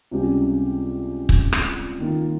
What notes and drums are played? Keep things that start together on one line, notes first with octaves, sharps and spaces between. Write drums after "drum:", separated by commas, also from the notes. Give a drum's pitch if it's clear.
C#2 C3 G3 C#4 G4
drum: kick
drum: rim click
D#3 A#3 F4